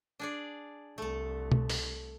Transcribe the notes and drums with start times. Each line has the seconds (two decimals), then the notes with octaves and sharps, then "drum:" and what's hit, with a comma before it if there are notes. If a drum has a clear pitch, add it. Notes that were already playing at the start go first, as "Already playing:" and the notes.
0.19 D4 G#4 D5
0.98 C2 A3 A4
1.52 drum: tom B2
1.70 drum: open hi-hat